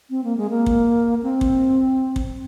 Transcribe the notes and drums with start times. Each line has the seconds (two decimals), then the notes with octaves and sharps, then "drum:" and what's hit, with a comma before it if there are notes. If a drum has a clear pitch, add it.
0.10 C4
0.24 A#3
0.37 G#3
0.50 A#3
0.66 drum: kick
1.22 C4
1.41 drum: kick
2.16 drum: kick